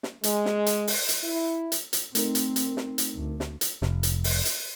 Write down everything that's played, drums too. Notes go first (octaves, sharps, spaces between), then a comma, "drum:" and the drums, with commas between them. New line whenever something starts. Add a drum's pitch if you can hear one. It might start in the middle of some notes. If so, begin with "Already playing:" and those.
drum: snare
G#3, drum: hi-hat
drum: snare
drum: hi-hat
drum: open hi-hat
drum: hi-hat
E4
drum: hi-hat
drum: hi-hat
A3 C4 D#4 A#4, drum: hi-hat
drum: hi-hat
drum: hi-hat
drum: snare
drum: hi-hat
D2
drum: snare
drum: hi-hat
F1, drum: snare
drum: hi-hat
drum: open hi-hat
drum: hi-hat